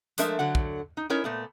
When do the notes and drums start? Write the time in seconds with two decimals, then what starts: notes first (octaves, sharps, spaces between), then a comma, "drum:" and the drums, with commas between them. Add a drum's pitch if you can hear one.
0.18 F3 G#3 A3 D4 A#4 E5, drum: hi-hat
0.39 D3 F#3 F#5
0.55 drum: kick
0.97 D#4
1.10 C#4 D#4 E4 A#4 C#5
1.24 A#2 A3 B3